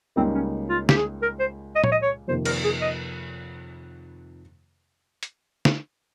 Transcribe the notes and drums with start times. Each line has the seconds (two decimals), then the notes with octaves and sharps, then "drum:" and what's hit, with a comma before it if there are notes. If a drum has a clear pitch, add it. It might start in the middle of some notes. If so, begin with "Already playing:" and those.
0.16 C#2 C#3 G3 A#3 C4 D#4
0.35 C#4
0.70 F4
0.89 G4, drum: snare
0.96 G#4
1.22 A#4
1.40 C5
1.76 D#5
1.84 C#5, drum: tom A#2
1.92 D#5
2.02 C#5
2.28 F2 C3 D#3 A#3 C5
2.45 A#4, drum: cymbal
2.64 G#4
2.81 D#5
5.23 drum: hi-hat
5.65 drum: snare